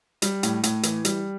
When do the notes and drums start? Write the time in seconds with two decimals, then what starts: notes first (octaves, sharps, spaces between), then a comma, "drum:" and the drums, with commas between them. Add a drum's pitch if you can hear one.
0.22 G3, drum: hi-hat
0.43 A2, drum: hi-hat
0.63 A2, drum: hi-hat
0.83 E3, drum: hi-hat
1.05 G3, drum: hi-hat